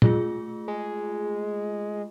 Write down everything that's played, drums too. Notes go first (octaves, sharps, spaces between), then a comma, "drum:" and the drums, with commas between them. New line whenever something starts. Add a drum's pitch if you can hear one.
A3 F4 G#4, drum: tom
G#3